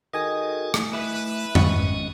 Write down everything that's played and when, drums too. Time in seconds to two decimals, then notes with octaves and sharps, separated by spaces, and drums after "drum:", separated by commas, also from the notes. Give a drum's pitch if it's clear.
0.14 D#3 F#4 G#4 A4 D#5 G#5 D#6
0.74 drum: rim click
0.93 A3 E4 B4
1.55 G#1 G#3 C#4 D#5 C#6, drum: tom F2